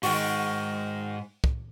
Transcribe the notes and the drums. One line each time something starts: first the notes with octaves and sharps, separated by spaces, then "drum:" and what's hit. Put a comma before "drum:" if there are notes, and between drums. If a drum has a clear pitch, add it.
G#2 D#3 F#4, drum: open hi-hat
drum: kick